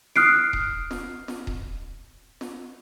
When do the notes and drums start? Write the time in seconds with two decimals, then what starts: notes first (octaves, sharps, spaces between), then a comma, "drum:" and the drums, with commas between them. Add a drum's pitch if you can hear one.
0.16 D#6 F6 F#6 C7 D7, drum: snare
0.53 drum: kick D#1
0.91 drum: snare
1.28 drum: snare
1.47 drum: kick D#1
2.41 drum: snare